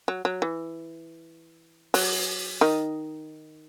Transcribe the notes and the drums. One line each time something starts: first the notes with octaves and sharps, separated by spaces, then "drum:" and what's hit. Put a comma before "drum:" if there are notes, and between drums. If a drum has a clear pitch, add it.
F#3
F#3
E3
F#3, drum: open hi-hat
D#3 D#4